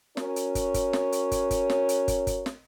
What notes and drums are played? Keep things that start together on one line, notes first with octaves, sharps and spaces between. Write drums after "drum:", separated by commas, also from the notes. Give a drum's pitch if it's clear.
C#4 F#4 A#4 C#5, drum: snare
drum: hi-hat
drum: kick, hi-hat
drum: kick, hi-hat
drum: snare
drum: hi-hat
drum: kick, hi-hat
drum: kick, hi-hat
drum: snare
drum: hi-hat
drum: kick, hi-hat
drum: kick, hi-hat
drum: snare